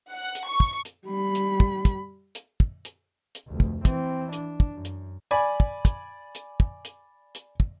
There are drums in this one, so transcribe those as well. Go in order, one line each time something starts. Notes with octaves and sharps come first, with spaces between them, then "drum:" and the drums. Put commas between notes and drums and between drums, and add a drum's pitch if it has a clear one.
F#5
drum: hi-hat
C#6
drum: kick
drum: hi-hat
G3 B5
drum: hi-hat
drum: kick
drum: kick, hi-hat
drum: hi-hat
drum: kick
drum: hi-hat
drum: hi-hat
F1 D2
drum: kick
E3 C4, drum: kick, hi-hat
D4, drum: hi-hat
drum: kick
F#2
drum: hi-hat
D5 G#5 B5
drum: kick
drum: kick, hi-hat
drum: hi-hat
drum: kick
drum: hi-hat
drum: hi-hat
drum: kick